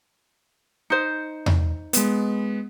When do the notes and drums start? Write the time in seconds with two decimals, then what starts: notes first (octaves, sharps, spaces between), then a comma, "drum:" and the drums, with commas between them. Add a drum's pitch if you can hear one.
0.90 D#4 C5 C#7
1.46 drum: tom E2
1.93 G#3 B3, drum: hi-hat